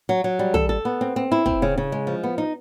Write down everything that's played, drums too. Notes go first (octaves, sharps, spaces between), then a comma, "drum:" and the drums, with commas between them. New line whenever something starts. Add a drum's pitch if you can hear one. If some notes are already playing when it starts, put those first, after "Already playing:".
F#3
F#3
G3
A4, drum: tom
A4
B3
C4
C4
E4
C4, drum: kick
C#3
C#3
G#3
F3
B3
D#4